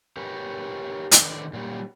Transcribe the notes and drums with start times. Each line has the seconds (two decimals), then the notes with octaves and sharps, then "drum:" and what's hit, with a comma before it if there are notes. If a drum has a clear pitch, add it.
0.17 G4 G#4 A#4 B4 C#5
1.12 A2 D3 D#3 B4 D5, drum: hi-hat
1.53 A#2 F#3 G3